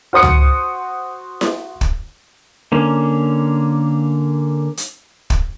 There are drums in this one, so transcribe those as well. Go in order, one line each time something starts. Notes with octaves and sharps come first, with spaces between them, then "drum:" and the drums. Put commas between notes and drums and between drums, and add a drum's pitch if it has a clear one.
F#4 C5 D#6 C#7
drum: tom
drum: snare E4
drum: kick
D3 A#3 C#4
drum: hi-hat
drum: kick